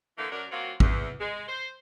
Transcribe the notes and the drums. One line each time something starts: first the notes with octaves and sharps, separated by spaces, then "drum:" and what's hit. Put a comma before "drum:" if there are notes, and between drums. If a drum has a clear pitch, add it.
D3 E3 A3 A#3
F#2 D4 F#4 A#4
F#3 A#3 C4 F4 F#4
E2, drum: kick
G#3
C5